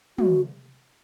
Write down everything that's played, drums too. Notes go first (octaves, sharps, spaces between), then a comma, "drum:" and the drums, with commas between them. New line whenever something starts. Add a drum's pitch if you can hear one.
F#4, drum: tom